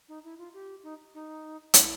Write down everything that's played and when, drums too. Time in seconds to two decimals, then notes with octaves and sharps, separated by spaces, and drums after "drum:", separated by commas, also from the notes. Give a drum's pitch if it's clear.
0.08 D#4
0.24 E4
0.38 F4
0.54 G4
0.83 D#4
1.14 D#4
1.74 E4, drum: hi-hat